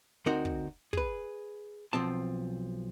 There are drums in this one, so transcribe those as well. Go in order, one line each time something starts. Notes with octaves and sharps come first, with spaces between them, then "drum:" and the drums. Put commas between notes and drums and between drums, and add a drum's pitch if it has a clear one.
D2 C4 D#4 F#4 A#4 F#5
drum: kick
G#4 B4, drum: kick
B1 F3 C4 A5